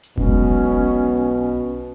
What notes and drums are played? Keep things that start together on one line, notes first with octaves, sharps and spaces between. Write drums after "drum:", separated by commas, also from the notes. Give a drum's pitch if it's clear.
drum: hi-hat
B1 B2 G#3 C#4, drum: kick F1